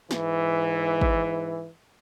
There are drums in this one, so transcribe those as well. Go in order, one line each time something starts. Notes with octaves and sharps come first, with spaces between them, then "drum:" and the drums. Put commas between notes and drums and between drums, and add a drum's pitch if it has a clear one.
G#2 E3, drum: snare
drum: kick G#1